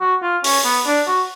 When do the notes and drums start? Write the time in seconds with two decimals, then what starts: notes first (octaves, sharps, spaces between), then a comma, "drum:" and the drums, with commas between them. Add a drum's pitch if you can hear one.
0.01 F#4
0.23 F4
0.44 C#4, drum: open hi-hat
0.65 B3
0.86 D4
1.07 F#4